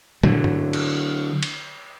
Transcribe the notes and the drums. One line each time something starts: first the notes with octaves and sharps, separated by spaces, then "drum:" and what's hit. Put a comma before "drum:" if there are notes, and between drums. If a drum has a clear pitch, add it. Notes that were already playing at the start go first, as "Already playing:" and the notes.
D3 F#3, drum: tom
drum: tom G2
drum: cymbal
drum: cymbal